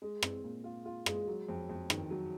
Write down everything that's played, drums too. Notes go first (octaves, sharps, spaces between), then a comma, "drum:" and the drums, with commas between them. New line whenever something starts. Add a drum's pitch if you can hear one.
G#3
C4, drum: rim click
A#2
F4
F4
G#3, drum: rim click
F#3
F2
F2
D#3, drum: rim click
F#3